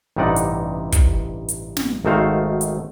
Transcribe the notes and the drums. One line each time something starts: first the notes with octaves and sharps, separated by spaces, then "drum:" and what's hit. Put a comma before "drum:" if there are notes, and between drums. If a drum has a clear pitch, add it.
A1 G2 C3 D#4 D5 F#5
drum: hi-hat
drum: kick, hi-hat
drum: hi-hat
drum: snare
G#1 D#3 A3 F#4 C5 F5
drum: hi-hat